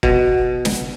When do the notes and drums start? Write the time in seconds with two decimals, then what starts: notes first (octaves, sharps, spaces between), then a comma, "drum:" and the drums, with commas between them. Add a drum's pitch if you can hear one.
0.03 B2, drum: kick E1
0.65 drum: snare